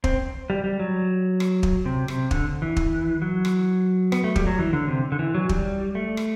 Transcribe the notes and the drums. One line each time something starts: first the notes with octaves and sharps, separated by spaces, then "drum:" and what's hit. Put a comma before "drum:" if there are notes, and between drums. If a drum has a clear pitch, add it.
C4, drum: kick
G3
G3
F#3
drum: rim click
drum: kick
C3
C3, drum: rim click
D3, drum: kick
E3
drum: kick
F#3
drum: rim click
B3, drum: rim click
A3
G3, drum: kick
F#3
E3
D3
C3
D3
E3
F#3
G3, drum: kick
A3
drum: rim click